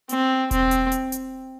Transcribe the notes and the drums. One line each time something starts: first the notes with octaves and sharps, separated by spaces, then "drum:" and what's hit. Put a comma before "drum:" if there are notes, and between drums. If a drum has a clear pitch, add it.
C4, drum: hi-hat
C4, drum: kick E1, hi-hat
drum: hi-hat
drum: hi-hat
drum: hi-hat